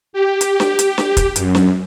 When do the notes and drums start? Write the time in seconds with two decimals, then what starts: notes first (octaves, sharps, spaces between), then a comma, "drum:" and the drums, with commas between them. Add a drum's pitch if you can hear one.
0.13 G4
0.41 drum: hi-hat
0.60 drum: snare
0.79 drum: hi-hat
0.98 drum: snare
1.17 drum: kick, hi-hat
1.36 F#2, drum: hi-hat
1.55 drum: snare